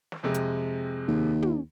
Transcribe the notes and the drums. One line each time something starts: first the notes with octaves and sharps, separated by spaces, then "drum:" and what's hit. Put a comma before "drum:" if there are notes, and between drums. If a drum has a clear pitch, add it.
drum: snare
F2 C3 G#3
drum: hi-hat
D#2
drum: tom